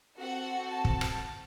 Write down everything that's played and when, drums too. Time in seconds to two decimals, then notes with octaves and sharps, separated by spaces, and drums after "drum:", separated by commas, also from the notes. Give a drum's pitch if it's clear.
0.18 C4 F#4 A4 F#5
0.68 A5
0.85 drum: kick
1.01 drum: rim click